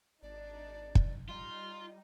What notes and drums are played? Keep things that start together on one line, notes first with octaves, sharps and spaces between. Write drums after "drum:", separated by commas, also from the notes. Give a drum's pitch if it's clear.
G#1 D4 D#4 D5
drum: kick
G3 D#4 F4 C6